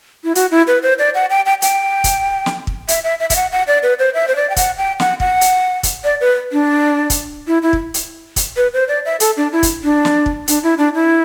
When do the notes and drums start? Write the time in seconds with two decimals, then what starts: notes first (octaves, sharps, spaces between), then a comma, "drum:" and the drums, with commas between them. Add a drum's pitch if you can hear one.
0.24 E4
0.35 F#4, drum: hi-hat
0.51 E4
0.67 B4
0.83 C5
0.99 D5
1.15 F#5
1.30 G5
1.46 G5
1.62 G5, drum: hi-hat
2.04 drum: kick, hi-hat
2.46 drum: snare
2.67 drum: kick
2.88 E5, drum: hi-hat
3.04 E5
3.20 E5
3.30 E5, drum: kick, hi-hat
3.36 F#5
3.52 F#5
3.68 D5
3.83 B4
3.99 C5
4.14 E5
4.28 C5
4.36 D5
4.50 G5
4.56 F#5, drum: kick, hi-hat
4.78 G5
5.00 F#5, drum: snare
5.20 F#5, drum: kick
5.41 drum: hi-hat
5.83 drum: kick, hi-hat
6.04 D5
6.21 B4
6.52 D4
7.10 drum: kick, hi-hat
7.47 E4
7.62 E4
7.73 drum: kick
7.94 drum: hi-hat
8.36 drum: kick, hi-hat
8.57 B4
8.74 C5
8.88 D5
9.05 E5
9.20 A4, drum: hi-hat
9.37 D4
9.52 E4
9.63 drum: kick, hi-hat
9.84 D4
10.05 drum: snare
10.26 drum: kick
10.48 D4, drum: hi-hat
10.63 E4
10.78 D4
10.94 E4